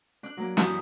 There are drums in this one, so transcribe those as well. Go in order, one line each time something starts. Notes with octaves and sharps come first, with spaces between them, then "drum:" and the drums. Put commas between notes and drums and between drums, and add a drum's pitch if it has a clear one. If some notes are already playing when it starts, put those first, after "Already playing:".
D4 F#6
F#3 A#3
F#2 E3 G4 D#6, drum: snare